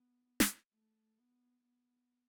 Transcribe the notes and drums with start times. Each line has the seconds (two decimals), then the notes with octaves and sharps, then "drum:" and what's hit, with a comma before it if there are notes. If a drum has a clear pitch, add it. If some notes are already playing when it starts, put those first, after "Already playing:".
Already playing: B3
0.40 drum: snare
0.72 A3
1.19 B3
1.64 B3